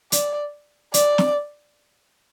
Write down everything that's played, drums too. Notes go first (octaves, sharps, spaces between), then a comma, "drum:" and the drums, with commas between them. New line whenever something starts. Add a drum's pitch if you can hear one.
D5, drum: hi-hat
D5, drum: hi-hat
drum: snare